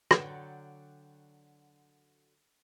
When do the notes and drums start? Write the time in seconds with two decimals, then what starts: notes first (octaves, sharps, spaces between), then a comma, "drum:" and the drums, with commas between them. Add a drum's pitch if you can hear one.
0.11 D3 F#3 D5 G5, drum: rim click